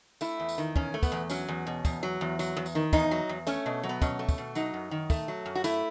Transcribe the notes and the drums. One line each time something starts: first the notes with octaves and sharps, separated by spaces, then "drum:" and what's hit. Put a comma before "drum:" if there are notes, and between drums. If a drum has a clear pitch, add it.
A3 E4, drum: tambourine
E2
drum: tambourine
D#3
E2 C#4, drum: kick
A3
B3, drum: kick, tambourine
E2
F#3 C#4, drum: tambourine
E2
B2
E2, drum: kick, tambourine
F#3
E2
F#3, drum: tambourine
E2
drum: tambourine
D#3
E2 D#4, drum: kick, tambourine
F#3
E2
A3 C#4, drum: tambourine
B2
F#3
B3
B2 C#4, drum: kick, tambourine
A3
drum: kick, tambourine
B2
F#3 D#4, drum: tambourine
F#2
D#3
A3, drum: kick, tambourine
F#3
F#2
F#4
A3 E4, drum: tambourine